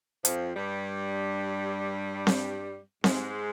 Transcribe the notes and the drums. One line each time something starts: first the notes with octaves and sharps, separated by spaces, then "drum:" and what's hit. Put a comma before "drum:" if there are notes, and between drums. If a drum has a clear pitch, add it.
F2 F3, drum: hi-hat
G2 G3
drum: snare C4
G#2 G#3, drum: snare C4